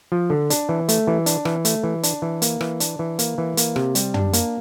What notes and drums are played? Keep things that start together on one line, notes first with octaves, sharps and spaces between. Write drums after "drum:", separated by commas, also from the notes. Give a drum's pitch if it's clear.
F3
D3
D4, drum: hi-hat
E3
A3, drum: hi-hat
E3
D4, drum: hi-hat
E3, drum: rim click
A3, drum: hi-hat
E3
D4, drum: hi-hat
E3
A#3, drum: hi-hat
E3, drum: rim click
D4, drum: hi-hat
E3
A#3, drum: hi-hat
E3
A#3, drum: hi-hat
C3, drum: rim click
G3, drum: hi-hat
D4, drum: tom
A#3, drum: hi-hat